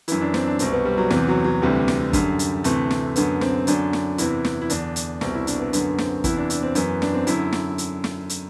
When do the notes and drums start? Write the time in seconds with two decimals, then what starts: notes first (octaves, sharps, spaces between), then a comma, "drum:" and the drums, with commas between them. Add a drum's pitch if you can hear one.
0.08 F#2 E3 E4, drum: hi-hat
0.21 D4
0.34 C4, drum: snare
0.47 D4
0.59 C2 B2 C4, drum: hi-hat
0.72 B3
0.85 G3
0.98 F#3
1.10 E2 C3 E3, drum: snare
1.28 F#3
1.45 F#3
1.62 D2 C3 E3 G3
1.88 drum: snare
2.13 F#2 D3, drum: kick, hi-hat
2.39 drum: hi-hat
2.64 D2 C3 E3 A3, drum: hi-hat
2.91 drum: snare
3.16 F#2 D3 B3, drum: hi-hat
3.41 C4, drum: snare
3.67 F#2 D3 D4, drum: hi-hat
3.93 drum: snare
4.18 E2 C3 E3 E4, drum: hi-hat
4.44 drum: snare
4.62 E4
4.70 E2 D3 D4, drum: hi-hat
4.96 drum: hi-hat
5.21 C2 B2 C4, drum: snare
5.34 E4
5.47 D4, drum: hi-hat
5.60 B3
5.73 F#2 D3 B3, drum: hi-hat
5.98 C4, drum: snare
6.24 E2 C3 E3 E4, drum: kick, hi-hat
6.37 D4
6.50 D4, drum: hi-hat
6.63 C4
6.75 F#2 E3 B3, drum: hi-hat
7.02 D4, drum: snare
7.14 C4
7.27 F#2 D3 E4, drum: hi-hat
7.52 drum: snare
7.78 drum: hi-hat
8.04 drum: snare
8.29 drum: hi-hat